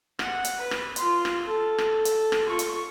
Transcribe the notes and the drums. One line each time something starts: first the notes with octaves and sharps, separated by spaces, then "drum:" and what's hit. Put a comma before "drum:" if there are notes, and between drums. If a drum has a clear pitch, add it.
F#5, drum: rim click
drum: hi-hat
B4
drum: rim click
F4 C6, drum: hi-hat
drum: rim click
A4
drum: rim click
drum: hi-hat
drum: rim click
F4 C#6
drum: hi-hat